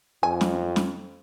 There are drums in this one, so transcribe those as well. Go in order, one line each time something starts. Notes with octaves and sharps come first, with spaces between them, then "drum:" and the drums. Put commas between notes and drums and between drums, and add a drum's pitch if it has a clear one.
F2 G#5
drum: snare
drum: snare